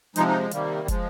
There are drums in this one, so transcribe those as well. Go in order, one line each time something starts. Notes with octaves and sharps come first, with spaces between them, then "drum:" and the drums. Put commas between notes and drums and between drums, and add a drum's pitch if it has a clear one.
C3 F3 G#3 D#4, drum: hi-hat
D#4
C3 D#3 G3 A#3, drum: hi-hat
F3 G#3, drum: kick, hi-hat